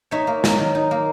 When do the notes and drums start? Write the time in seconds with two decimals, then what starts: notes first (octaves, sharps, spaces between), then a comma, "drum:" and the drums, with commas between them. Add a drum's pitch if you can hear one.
0.11 D#4 C#5 E5
0.27 A#3
0.44 F#3, drum: snare
0.59 D#3
0.75 D#4
0.91 A#3